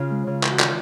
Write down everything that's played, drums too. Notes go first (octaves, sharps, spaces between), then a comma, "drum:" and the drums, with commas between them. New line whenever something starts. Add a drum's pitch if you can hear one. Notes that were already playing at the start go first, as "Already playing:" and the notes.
Already playing: C#3 F4
G#3
C#3
E3, drum: clap
F#4
D#3 F4, drum: clap